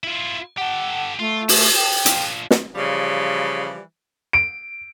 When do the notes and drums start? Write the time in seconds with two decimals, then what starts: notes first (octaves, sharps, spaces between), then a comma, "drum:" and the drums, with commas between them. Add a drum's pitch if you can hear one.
0.03 E4 F4
0.58 G4 A4 F#5
1.19 A3 F4
1.49 A5, drum: open hi-hat
1.75 G5
2.06 D4 F4, drum: hi-hat
2.51 drum: snare
2.76 C#3 E3 F3 G3
4.33 D7